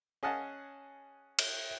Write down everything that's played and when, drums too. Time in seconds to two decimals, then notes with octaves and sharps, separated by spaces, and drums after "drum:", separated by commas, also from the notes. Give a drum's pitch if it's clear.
0.23 C#4 G#4 D#5 F5 F#5 A5
1.39 drum: cymbal